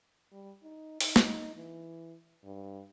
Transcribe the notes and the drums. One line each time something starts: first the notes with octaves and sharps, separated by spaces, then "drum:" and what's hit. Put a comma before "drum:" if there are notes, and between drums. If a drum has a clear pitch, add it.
G3
D#4
D#4, drum: open hi-hat
drum: snare
E3
G2